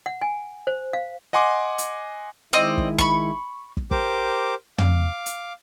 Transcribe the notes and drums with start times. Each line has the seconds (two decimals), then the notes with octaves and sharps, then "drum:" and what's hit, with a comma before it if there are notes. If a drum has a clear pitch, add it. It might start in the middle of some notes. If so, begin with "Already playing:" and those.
0.06 F#5
0.21 G#5
0.67 C5
0.93 F5
1.33 D#5 F#5 G#5 C6 D6
1.78 drum: hi-hat
2.53 D#3 G#3 C4 E4 D5 D#5
2.78 drum: kick
2.98 B5 C#6, drum: kick
3.77 drum: kick
3.91 G4 A#4 C5 D6, drum: kick
4.78 F5 D6, drum: tom
5.26 drum: hi-hat